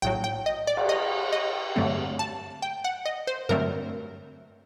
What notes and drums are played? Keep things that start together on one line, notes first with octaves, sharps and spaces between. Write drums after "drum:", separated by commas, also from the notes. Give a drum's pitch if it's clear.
A#1 A2 F#3 G5
G5
D#5
D5
drum: cymbal
D#5
D#5
G2 D3 F#3 A3 C4
A5
G5
F#5
D#5
C5
G2 D3 F#3 A3 C4 A#4